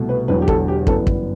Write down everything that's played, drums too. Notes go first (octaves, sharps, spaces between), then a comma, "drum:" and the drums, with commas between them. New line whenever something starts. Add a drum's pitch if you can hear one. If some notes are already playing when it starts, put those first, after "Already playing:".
Already playing: C2 B2 A3
B4
E1 E2 D3 F#3 B4
G4
A4, drum: kick
G4
G1 F#2 E3 G3 B3 A4, drum: kick
drum: kick